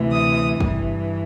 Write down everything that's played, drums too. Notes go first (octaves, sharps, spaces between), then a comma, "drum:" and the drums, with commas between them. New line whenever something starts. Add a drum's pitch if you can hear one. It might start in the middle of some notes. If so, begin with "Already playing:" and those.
Already playing: D2 C3 E3
D#6
G2 E3, drum: kick